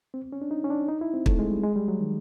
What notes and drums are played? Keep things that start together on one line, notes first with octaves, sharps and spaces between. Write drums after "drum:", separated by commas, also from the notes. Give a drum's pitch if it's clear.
C4
C#4
D4
D#4
C#4
D4
D#4
E4
C4
A3, drum: kick
G#3
G3
G#3
G3
F#3
D#3